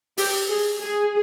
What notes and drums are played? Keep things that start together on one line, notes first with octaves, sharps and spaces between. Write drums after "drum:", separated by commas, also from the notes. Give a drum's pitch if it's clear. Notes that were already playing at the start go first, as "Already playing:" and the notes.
G4, drum: open hi-hat
G#4
G#4